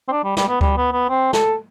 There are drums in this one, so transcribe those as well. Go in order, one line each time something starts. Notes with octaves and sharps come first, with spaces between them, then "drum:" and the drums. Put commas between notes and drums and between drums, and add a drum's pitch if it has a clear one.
C4
D4
G3
G3, drum: snare
B3
G3, drum: kick D2
B3
B3
C4
A4, drum: snare